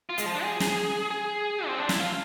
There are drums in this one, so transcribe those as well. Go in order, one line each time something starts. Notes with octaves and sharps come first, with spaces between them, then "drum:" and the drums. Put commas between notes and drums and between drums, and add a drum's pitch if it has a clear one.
F4
G#3, drum: hi-hat
F3
D4
G#4
drum: snare
G#4
C4
D4
E4, drum: snare
F4